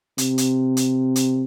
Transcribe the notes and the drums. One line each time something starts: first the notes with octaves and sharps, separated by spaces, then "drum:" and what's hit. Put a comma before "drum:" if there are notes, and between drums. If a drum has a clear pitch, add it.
C3, drum: hi-hat
drum: hi-hat
drum: hi-hat
drum: hi-hat